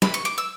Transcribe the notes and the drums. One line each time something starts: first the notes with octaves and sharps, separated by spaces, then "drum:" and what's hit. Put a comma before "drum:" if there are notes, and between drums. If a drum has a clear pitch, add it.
B5, drum: snare
C#6
D6
E6